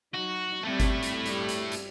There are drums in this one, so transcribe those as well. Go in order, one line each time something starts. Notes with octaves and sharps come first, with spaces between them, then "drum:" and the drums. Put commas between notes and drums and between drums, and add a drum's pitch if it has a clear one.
F#3 D#4 F#4
G3 A3 C4 E4
drum: kick G1, hi-hat
drum: hi-hat
G2 G3, drum: hi-hat
drum: hi-hat
drum: hi-hat